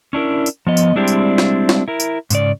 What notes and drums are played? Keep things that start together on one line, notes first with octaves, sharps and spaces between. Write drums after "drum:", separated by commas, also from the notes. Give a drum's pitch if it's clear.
C#4 D4 E4 A#4
drum: tambourine
F3 B3 D#5
drum: tambourine
G3 G#3 C4 D4 E4 G4
drum: tambourine
drum: snare
drum: snare
E4 A#4
drum: tambourine
G#2 C#3 D5, drum: tambourine